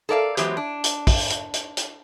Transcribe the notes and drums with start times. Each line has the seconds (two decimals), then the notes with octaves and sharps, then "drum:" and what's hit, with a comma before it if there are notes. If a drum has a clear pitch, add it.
0.09 A4 A#4 D5 E5 F5
0.37 E3 F#3 G#3 B3 G4 C5, drum: hi-hat
0.57 D4
0.84 drum: hi-hat
1.07 drum: kick, open hi-hat
1.30 drum: hi-hat
1.54 drum: hi-hat
1.77 drum: hi-hat